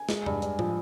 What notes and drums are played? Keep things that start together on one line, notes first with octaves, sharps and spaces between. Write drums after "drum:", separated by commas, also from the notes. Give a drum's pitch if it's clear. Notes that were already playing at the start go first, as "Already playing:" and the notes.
Already playing: G#5
G#3, drum: snare
G2, drum: tom E2
G2, drum: hi-hat
F3, drum: tom A2